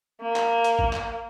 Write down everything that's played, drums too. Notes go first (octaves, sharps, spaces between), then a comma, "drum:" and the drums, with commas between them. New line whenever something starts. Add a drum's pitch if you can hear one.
A#3
drum: clap
drum: hi-hat
drum: kick G#1
drum: clap